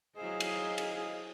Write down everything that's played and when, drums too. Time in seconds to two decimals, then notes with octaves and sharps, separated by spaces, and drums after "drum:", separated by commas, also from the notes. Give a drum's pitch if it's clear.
0.17 F#3 E4 G#4 C5 D#5 F5
0.40 drum: cymbal
0.78 drum: cymbal